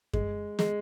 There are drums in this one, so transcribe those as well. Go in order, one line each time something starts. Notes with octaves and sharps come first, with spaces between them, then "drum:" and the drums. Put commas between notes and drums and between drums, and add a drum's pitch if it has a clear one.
G#3, drum: kick F#2
G#3, drum: snare